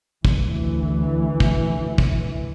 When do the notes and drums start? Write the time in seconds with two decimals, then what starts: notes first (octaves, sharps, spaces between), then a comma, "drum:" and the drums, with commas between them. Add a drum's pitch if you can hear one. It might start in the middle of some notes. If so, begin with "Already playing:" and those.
0.25 D2 E3, drum: kick
1.40 drum: kick
1.98 drum: kick